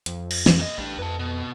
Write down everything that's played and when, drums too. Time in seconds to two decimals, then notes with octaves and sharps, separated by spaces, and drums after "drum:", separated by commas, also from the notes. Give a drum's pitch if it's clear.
0.06 F2, drum: hi-hat
0.31 drum: cymbal
0.46 drum: snare
0.59 A#2 D#5
0.78 A1 G3 D4
0.99 F2 B4 A5
1.20 B2